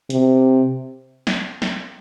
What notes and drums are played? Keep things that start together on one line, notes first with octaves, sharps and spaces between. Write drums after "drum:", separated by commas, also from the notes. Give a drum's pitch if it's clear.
C3, drum: hi-hat
drum: snare
drum: snare